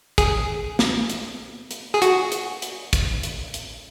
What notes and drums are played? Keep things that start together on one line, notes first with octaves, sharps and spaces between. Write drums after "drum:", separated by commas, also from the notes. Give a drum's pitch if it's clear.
G#4, drum: kick, hi-hat
drum: snare
drum: hi-hat
drum: hi-hat
G#4
F#4, drum: hi-hat
drum: hi-hat
drum: hi-hat
drum: kick, hi-hat
drum: hi-hat
drum: hi-hat